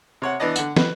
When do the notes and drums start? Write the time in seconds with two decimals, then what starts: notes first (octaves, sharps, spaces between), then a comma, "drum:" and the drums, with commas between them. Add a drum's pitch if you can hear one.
0.22 C3 C#5 F#5
0.40 E3 B3 D4 D5 D#5
0.56 D3 F#5, drum: tambourine
0.77 B4, drum: snare